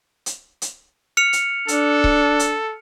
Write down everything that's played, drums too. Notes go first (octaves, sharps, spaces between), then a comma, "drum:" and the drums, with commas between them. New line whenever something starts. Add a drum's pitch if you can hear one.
drum: hi-hat
drum: hi-hat
F6 C#7 F7
drum: hi-hat
D4 A4, drum: hi-hat
drum: kick C#1
drum: hi-hat